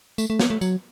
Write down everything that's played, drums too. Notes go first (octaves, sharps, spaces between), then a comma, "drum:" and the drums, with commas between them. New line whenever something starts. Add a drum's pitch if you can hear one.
A3, drum: tambourine
A3
B3, drum: snare
A3
F#3, drum: tambourine